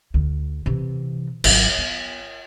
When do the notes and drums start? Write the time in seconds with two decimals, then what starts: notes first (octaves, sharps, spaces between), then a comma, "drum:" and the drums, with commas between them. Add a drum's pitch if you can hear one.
0.14 D2
0.66 C3 E3
1.44 G#1 F#3, drum: cymbal
1.78 B3